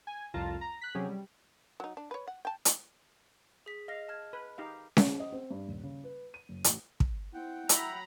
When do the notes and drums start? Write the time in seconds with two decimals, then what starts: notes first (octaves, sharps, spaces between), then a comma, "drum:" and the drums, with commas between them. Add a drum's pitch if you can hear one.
0.07 G#5
0.34 C2 F2 F4 A5 A#5
0.61 A#5
0.81 F#6 B6
0.95 C3 F#3 C#4 G4 G#4
1.09 G3
1.80 F#3 D#4
1.97 D4
2.11 B4 C#5
2.28 F#5
2.45 G5 A5
2.65 drum: hi-hat
3.66 G#4 B6
3.88 D#5 F5 A#6
4.08 A5 F6 G#6
4.33 B4
4.58 D#4 G4 F5
4.97 drum: snare C#4
5.20 D#5
5.32 C4
5.51 G2
5.68 D#1
5.83 C#3
6.04 B4
6.34 D#7
6.49 F#1
6.64 A1, drum: hi-hat
7.00 drum: kick
7.34 C4 E4 F#5 G5
7.69 F#3 E5 A#5 B5, drum: hi-hat